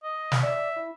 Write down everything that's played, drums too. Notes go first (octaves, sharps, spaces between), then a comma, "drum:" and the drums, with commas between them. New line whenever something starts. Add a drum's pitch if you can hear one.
D#5
drum: snare
D5 E5
E4